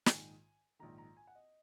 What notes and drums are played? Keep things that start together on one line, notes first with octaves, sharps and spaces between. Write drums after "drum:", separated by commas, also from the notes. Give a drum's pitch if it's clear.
A#1 G#2 D#3 G#5, drum: snare
A#1 G#2 D#3 A#5
A#5
G#5
F#5
D#5